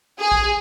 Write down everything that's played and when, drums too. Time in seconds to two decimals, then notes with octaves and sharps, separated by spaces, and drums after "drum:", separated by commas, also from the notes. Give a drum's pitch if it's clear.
0.19 G#4
0.32 drum: kick